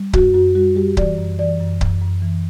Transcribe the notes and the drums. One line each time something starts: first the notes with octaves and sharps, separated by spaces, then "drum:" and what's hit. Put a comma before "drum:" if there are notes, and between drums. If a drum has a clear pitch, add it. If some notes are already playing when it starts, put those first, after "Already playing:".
Already playing: G3
F#2 F#4, drum: kick C#1
F#2 F#4
G3 F#4
G3 G4
E3 D5, drum: kick C#1
F#2
E3 D5
F#2
F#2, drum: kick C#1
F#2
E3